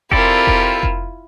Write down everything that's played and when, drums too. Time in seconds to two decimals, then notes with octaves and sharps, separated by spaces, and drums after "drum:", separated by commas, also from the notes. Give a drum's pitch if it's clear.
0.11 C4 E4 F4 G4 A4 A#4 D5, drum: kick F1
0.47 drum: kick F1
0.83 drum: kick F1